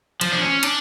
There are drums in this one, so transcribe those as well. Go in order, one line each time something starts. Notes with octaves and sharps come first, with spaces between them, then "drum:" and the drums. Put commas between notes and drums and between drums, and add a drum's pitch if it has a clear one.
F3, drum: cymbal
D4
C#4
D4, drum: cymbal